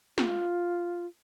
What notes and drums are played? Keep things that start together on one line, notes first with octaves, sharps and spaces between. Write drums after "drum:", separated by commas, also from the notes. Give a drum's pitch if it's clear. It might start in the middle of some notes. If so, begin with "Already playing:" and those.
F4, drum: snare